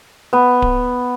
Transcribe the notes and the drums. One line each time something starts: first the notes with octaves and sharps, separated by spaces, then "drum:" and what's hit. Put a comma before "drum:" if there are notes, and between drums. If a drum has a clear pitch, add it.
B3
drum: kick D1